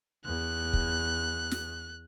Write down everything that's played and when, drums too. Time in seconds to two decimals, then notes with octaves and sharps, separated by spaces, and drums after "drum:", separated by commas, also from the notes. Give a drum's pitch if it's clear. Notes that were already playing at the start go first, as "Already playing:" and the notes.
0.25 E2 F#6
0.73 drum: kick
1.51 drum: snare